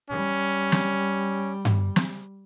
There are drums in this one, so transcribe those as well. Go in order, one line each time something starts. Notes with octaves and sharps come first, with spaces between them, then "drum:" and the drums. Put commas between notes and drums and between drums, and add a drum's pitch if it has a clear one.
G3 C#4
drum: snare
drum: tom G2
drum: snare